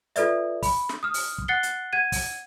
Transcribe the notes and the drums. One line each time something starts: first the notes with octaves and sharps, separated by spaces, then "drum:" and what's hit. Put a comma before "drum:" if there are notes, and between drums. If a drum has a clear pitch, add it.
F4 A4 B4 D5 E5, drum: hi-hat
B5, drum: kick, open hi-hat
drum: snare
D#6 F6
drum: open hi-hat
drum: kick
F#5 F#6 A6 C7 C#7 G7
drum: hi-hat
F#5 G#6 D#7
drum: kick, open hi-hat